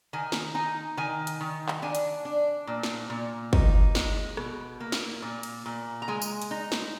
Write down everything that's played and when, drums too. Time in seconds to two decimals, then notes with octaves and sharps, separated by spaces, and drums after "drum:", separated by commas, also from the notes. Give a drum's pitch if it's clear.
0.13 D#3 G#5
0.32 drum: snare
0.55 D#4 G#5
0.97 D#3 G#5
1.27 drum: hi-hat
1.41 D#3
1.68 drum: clap
1.82 D4 G#5
1.95 drum: hi-hat
2.25 D4
2.67 A#2
2.83 drum: snare
3.10 A#2
3.53 D#4, drum: kick
3.95 G#3, drum: snare
4.37 B2, drum: rim click
4.80 A#3
4.92 drum: snare
5.22 A#2
5.43 drum: cymbal
5.66 A#2
6.02 A#5
6.08 G#3 G#5
6.22 drum: tambourine
6.42 drum: hi-hat
6.51 D#4
6.72 drum: snare